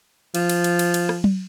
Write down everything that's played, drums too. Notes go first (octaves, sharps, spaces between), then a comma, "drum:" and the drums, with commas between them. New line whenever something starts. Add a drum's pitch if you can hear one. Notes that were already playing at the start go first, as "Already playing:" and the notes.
F3, drum: cymbal
drum: cymbal
drum: cymbal
drum: cymbal
drum: cymbal
drum: rim click
drum: tom F#3